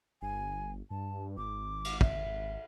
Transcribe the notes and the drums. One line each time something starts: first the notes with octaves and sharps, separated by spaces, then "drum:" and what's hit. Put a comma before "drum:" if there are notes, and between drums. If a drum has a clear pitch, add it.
G1 G#5
G2 A5
G#1 D6
drum: cymbal
E5, drum: kick